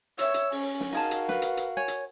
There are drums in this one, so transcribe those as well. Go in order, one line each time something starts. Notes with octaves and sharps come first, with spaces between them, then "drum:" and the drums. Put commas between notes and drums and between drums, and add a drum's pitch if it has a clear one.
C#5 E5 E6, drum: hi-hat
drum: hi-hat
C#4, drum: open hi-hat
drum: snare
D#4 F#4 G#4 A#4 F5 A5
drum: hi-hat
B4, drum: snare
drum: hi-hat
drum: hi-hat
C#5 G#5
drum: hi-hat